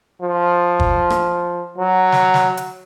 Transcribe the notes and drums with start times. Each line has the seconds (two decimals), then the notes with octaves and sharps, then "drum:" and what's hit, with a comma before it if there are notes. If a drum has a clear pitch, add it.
0.22 F3
0.80 drum: kick
1.10 drum: rim click
1.78 F#3
2.12 drum: snare
2.34 drum: snare
2.57 drum: hi-hat